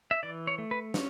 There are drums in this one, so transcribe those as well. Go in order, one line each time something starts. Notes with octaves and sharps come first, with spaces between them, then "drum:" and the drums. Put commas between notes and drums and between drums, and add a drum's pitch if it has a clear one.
E5
E3 D5
C#5
A3
B4
C#4, drum: snare